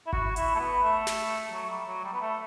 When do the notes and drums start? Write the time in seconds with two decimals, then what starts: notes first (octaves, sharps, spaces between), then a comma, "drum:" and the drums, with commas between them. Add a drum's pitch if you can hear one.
0.07 E4
0.13 F#4, drum: kick G#1
0.36 E4, drum: hi-hat
0.55 A3
0.59 B3
0.83 A3
1.07 drum: snare
1.52 F#3
1.70 G3
1.86 F#3
2.04 G3
2.13 B3
2.21 A3